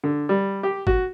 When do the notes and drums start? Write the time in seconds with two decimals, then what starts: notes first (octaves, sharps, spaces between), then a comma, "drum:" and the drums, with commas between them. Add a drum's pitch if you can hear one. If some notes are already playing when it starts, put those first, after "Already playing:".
0.04 D3
0.29 G3
0.63 G4
0.87 F#4, drum: kick G1